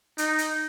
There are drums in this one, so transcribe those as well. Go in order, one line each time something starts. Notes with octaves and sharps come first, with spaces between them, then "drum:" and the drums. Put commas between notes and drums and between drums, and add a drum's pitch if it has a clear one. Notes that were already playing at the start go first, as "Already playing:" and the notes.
D#4, drum: hi-hat
drum: hi-hat